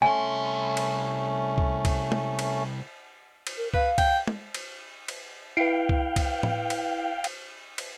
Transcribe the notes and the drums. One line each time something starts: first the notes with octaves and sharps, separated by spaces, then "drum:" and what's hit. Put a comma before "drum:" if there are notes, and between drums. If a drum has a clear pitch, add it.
C2 A3 C#4 G#5 C6
drum: cymbal
drum: kick C2
drum: kick C2, cymbal
drum: tom
drum: cymbal
drum: cymbal
A#4
B4 F5, drum: kick C2
G5, drum: kick C2, cymbal
drum: tom
drum: cymbal
drum: cymbal
E4 B4 F5 G5
drum: kick C2
drum: kick C2, cymbal
drum: tom A2
drum: cymbal
drum: cymbal
drum: cymbal